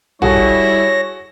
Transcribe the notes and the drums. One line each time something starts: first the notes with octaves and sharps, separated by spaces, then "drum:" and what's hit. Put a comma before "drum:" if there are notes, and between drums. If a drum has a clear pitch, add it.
G3 E4 F#4 G#4 A4 C#5 A#6, drum: tom A#1
drum: kick